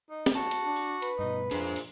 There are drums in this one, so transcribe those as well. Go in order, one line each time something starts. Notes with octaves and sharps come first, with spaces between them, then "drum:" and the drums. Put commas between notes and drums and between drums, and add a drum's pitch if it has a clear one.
D#4
drum: snare
F#4 A5
drum: hi-hat
D4
drum: open hi-hat
B4, drum: hi-hat
G2 B2 D#4
F2 A#2 D4 G#4 C5, drum: hi-hat
drum: open hi-hat